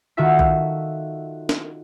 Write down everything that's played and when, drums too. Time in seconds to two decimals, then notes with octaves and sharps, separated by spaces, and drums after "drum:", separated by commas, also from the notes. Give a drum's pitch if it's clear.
0.17 D#3 F4 F#4 A4 E5 B6
0.39 drum: kick B1
1.49 drum: snare